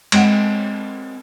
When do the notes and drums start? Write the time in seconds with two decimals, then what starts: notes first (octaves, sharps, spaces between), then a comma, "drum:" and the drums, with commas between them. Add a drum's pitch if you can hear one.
0.12 G#3 C4 G4 F#5, drum: cymbal